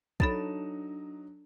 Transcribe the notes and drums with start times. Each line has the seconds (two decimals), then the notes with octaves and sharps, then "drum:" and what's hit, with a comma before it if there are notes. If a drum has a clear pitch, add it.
0.20 F#3 D4 D#4 A4 B5 A6 E7, drum: kick